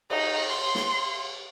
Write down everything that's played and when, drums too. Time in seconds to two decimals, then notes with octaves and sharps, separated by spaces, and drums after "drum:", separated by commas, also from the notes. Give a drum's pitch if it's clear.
0.10 D#4, drum: cymbal
0.50 C6
0.75 drum: snare